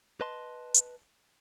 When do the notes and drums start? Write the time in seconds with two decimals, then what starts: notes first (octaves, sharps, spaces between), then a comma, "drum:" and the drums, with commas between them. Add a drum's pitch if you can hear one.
0.21 B4 D#5 A5 C6
0.74 drum: hi-hat